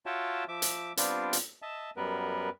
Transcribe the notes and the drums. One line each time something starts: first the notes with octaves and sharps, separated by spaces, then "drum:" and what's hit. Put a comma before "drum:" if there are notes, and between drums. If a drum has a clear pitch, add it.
F4 F#4 C#5 E5 G5 A5
F3 E5 D6
drum: hi-hat
G3 B3 C4 D4 F4 G4, drum: hi-hat
drum: hi-hat
D#5 E5 A5
F#2 G3 B3 A#4 B4